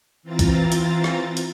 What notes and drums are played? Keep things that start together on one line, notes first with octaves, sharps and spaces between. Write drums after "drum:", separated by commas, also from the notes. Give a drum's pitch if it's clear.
E3 C4 F4 A#5 A6
drum: kick, hi-hat
drum: hi-hat
drum: rim click
drum: hi-hat